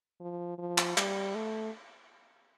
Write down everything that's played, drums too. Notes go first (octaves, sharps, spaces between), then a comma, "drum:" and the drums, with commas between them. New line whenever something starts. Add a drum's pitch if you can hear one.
F3
F3
drum: clap
G3, drum: clap
A3